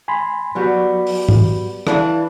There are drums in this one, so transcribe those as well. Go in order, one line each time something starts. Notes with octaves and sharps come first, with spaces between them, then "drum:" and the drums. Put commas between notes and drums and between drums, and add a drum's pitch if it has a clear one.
G#5 B5 C6
F#3 G3 B3 F#4 B5
drum: open hi-hat
drum: tom G#2
E3 D4 F4, drum: rim click